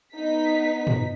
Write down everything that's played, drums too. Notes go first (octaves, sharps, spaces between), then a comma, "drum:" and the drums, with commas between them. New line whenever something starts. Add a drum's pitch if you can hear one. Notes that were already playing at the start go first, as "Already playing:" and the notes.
B3 D#4 B6
drum: tom